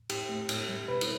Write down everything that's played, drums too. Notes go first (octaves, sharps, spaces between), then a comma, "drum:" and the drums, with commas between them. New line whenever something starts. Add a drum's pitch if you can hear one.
A2 G4, drum: cymbal
A3
A2, drum: cymbal
G3
B2 B4
drum: cymbal